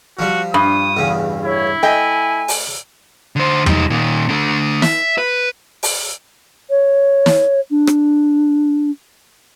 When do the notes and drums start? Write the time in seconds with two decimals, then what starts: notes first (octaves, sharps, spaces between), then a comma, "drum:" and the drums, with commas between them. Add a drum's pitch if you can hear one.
0.19 F3 G3 F#4
0.54 G2 D#6
0.97 A1 E2 C#3
1.44 E4 C#5
1.83 A3 D#5 G5 G#5
2.48 drum: open hi-hat
3.36 D3 C5
3.66 G3 D#4, drum: tom E2
3.90 A#2 D#3
4.29 D3 A3
4.82 E5, drum: snare
5.18 B4
5.83 drum: open hi-hat
6.69 C#5
7.26 drum: snare
7.70 D4
7.87 drum: rim click